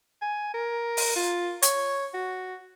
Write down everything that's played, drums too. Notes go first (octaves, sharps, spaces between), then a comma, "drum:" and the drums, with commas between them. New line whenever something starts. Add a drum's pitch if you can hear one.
G#5
A#4
drum: open hi-hat
F4
C#5, drum: hi-hat
F#4